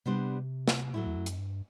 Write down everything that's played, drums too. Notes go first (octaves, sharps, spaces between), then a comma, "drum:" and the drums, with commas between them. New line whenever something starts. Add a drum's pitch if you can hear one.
C3 G3 B3 D4 G4 C5
drum: snare
A2 F#3 A3 E4
E2
F#2
drum: hi-hat
G2